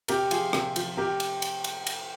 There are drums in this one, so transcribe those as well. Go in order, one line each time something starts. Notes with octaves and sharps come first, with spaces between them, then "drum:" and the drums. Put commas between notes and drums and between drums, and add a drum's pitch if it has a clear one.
C3 G4 A#4, drum: cymbal
F3 F4 G#4, drum: cymbal
C3, drum: rim click
F3, drum: cymbal
C3 G4 A#4
drum: cymbal
drum: cymbal
drum: cymbal
drum: cymbal